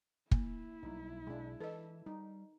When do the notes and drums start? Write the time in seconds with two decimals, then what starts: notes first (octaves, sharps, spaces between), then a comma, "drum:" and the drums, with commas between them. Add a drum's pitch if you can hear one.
0.31 A#3 E4, drum: kick
0.83 B1 B2 G3 D#4
1.27 B1 B2 G#3 D4
1.61 E3 A4 B4 D#5
2.06 G3 D#4